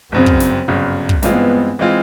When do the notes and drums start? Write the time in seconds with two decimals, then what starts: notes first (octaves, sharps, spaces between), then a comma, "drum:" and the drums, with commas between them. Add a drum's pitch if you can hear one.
0.12 G1 F#2 C#3 C4
0.26 drum: kick
0.40 drum: snare
0.68 G1 F#2 C#3
1.09 drum: kick
1.22 G2 E3 G#3 B3 C4 F4, drum: snare
1.79 E3 G#3 C4 F4